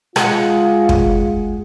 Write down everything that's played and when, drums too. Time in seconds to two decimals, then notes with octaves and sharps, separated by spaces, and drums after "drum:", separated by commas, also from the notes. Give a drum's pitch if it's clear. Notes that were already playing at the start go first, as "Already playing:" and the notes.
0.16 G#3 F4 F#5, drum: rim click
0.89 drum: kick